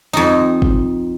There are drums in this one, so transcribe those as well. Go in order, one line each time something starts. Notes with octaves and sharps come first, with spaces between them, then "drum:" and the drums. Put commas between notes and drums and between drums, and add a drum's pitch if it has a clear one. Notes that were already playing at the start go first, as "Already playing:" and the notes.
F2 D#4
drum: kick